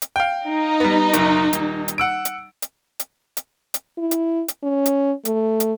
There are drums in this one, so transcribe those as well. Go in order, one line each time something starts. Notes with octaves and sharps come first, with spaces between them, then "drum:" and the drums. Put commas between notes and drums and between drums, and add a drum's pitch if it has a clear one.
drum: hi-hat
F5 G5
D#4
G3 B3
F#1 B1, drum: hi-hat
D#1, drum: hi-hat
drum: hi-hat
F#5 E6 D7
drum: hi-hat
drum: hi-hat
drum: hi-hat
drum: hi-hat
drum: hi-hat
E4
drum: hi-hat
drum: hi-hat
C#4
drum: hi-hat
A3, drum: hi-hat
drum: hi-hat